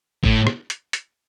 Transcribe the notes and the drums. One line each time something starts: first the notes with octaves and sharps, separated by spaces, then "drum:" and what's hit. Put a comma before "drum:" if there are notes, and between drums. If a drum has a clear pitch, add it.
A2, drum: kick G1
drum: rim click
drum: hi-hat
drum: hi-hat